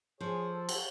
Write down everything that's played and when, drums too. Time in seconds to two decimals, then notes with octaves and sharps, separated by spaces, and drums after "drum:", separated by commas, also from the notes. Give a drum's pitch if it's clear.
0.21 F3 G#4 C#5
0.49 A4
0.69 drum: cymbal